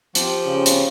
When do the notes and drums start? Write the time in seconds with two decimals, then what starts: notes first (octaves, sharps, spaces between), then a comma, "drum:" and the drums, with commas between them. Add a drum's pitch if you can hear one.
0.15 F3 G4, drum: hi-hat
0.46 C#3
0.66 drum: hi-hat